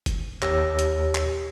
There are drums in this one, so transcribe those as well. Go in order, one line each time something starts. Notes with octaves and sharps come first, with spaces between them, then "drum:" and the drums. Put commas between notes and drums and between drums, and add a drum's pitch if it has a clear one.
drum: kick F1, hi-hat
D#2 G4 C#5 E6 A#6, drum: clap
drum: hi-hat
drum: clap